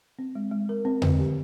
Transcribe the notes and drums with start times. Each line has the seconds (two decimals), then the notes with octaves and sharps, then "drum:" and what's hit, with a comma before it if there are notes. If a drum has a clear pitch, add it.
0.19 C4
0.35 G#3
0.51 G#3
0.69 A#4
0.85 C4
1.02 D3, drum: tom E2
1.19 G4